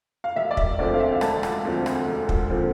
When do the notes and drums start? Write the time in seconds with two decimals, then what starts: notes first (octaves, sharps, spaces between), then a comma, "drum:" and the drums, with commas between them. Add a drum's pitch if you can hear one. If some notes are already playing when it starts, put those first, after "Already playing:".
0.24 F5
0.36 E1 E5
0.51 D5
0.57 E5, drum: kick
0.79 D2 D3 F3 C4 D5
0.94 F5
1.00 E5
1.21 E1 A5, drum: rim click
1.43 drum: rim click
1.65 D2 D3 F3 C4
1.86 drum: rim click
2.07 E1
2.29 drum: kick
2.50 D3 F3 C4